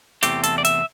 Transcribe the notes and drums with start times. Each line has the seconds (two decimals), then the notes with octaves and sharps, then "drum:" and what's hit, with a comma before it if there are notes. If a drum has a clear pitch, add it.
0.23 E2 C3 E3 A3 C4 G4, drum: hi-hat
0.43 A4, drum: hi-hat
0.58 D5
0.65 E5, drum: hi-hat